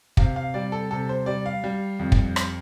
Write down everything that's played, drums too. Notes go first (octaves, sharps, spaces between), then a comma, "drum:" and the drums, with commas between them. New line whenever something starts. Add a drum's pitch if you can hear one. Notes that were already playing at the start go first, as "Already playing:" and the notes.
C3 F5, drum: kick
F5
G3 D5
A4
C3 A4
C5
G3 D5
F5
G3
F2
drum: kick
drum: rim click